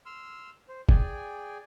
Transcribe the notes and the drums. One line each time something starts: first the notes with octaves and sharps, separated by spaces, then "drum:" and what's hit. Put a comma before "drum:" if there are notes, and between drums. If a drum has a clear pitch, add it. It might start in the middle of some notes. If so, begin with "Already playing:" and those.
C6 E6 F6
C5
G#4 D5 G5 G#5, drum: kick